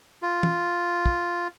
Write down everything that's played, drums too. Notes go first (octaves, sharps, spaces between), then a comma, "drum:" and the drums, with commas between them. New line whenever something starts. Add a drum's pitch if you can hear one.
F4
drum: tom
drum: kick